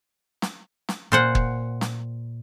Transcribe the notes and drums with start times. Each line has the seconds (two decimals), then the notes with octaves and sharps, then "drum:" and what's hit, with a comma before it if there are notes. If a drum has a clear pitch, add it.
0.42 drum: snare
0.89 drum: snare
1.12 A#2 C5 F#5
1.35 drum: kick
1.81 drum: snare